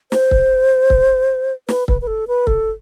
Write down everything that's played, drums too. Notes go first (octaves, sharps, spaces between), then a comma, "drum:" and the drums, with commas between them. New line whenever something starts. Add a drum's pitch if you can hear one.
C5, drum: snare
drum: kick
drum: kick
B4, drum: snare
B4, drum: kick
B4
A4
B4
A4, drum: kick